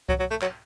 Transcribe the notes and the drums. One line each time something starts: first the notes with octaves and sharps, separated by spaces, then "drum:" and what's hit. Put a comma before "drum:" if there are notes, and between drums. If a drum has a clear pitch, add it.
F#3, drum: kick C2
F#3
A3
F#3, drum: clap